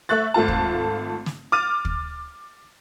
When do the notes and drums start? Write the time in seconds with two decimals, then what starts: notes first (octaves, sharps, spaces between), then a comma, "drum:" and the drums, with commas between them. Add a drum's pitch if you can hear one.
0.09 A3 E5 C#6 F#6 A6
0.34 G#1 A3 F4 A5
0.48 drum: kick
1.26 drum: snare
1.52 D6 F6 A6 D#7
1.85 drum: kick